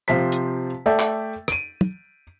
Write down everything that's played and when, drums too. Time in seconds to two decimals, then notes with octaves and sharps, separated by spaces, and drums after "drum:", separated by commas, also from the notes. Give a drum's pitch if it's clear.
0.08 C3 F3 F4 C5 B6
0.32 drum: hi-hat
0.86 A3 A4 D5 E5 G5
0.99 drum: clap
1.48 D7 D#7, drum: rim click
1.81 drum: tom